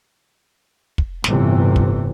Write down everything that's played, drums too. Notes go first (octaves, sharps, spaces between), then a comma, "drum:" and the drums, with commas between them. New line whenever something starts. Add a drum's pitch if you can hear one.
drum: kick
G1 A2 C3 E3, drum: snare
drum: kick